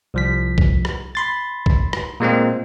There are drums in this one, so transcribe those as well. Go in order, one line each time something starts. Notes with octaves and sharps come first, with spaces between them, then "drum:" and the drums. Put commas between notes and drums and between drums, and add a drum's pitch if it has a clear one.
C2 F3 B6
drum: kick B1
drum: rim click
B5 C6 A6
drum: kick B1
drum: rim click
A#2 G#3 A#3 C4